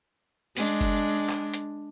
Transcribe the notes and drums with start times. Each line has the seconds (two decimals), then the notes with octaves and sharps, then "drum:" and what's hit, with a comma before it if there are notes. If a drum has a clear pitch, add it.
0.57 G#3 D4, drum: open hi-hat
0.81 drum: kick F#1, hi-hat
1.29 drum: clap
1.54 drum: hi-hat